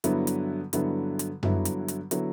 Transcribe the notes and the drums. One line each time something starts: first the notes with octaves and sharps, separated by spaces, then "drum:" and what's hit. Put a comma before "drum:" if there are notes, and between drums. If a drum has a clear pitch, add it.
G2 D3 F#3 B3 E4, drum: hi-hat
drum: hi-hat
G2 D3 F#3 B3 E4, drum: hi-hat
drum: hi-hat
G2 D3 F#3 B3 E4, drum: tom F#2
drum: hi-hat
drum: hi-hat
D3 F#3 B3 E4, drum: hi-hat